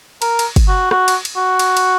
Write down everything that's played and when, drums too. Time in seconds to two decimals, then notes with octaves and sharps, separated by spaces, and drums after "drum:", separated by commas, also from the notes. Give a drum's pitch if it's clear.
0.22 A#4, drum: cymbal
0.39 drum: cymbal
0.56 drum: kick, cymbal
0.68 F#4
0.91 F#4, drum: rim click
1.08 drum: cymbal
1.25 drum: cymbal
1.37 F#4
1.59 drum: cymbal
1.77 drum: cymbal